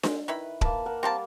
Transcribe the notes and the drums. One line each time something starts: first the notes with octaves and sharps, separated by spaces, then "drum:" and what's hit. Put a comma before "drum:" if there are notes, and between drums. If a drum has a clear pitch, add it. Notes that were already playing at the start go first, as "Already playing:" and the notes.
G#3, drum: snare D4
D#3 E4 B4 B5
A#3 B4 A5, drum: kick D1
A#4 F#5
G3 A#3 C4 A#4 A5